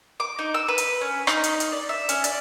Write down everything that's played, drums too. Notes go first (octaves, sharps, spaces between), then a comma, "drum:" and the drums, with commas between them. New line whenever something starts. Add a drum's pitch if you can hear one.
D6
D#4
E6
B4
drum: hi-hat
C#4
D#4, drum: rim click
drum: hi-hat
drum: hi-hat
D5
E5
C#4, drum: hi-hat
D5, drum: hi-hat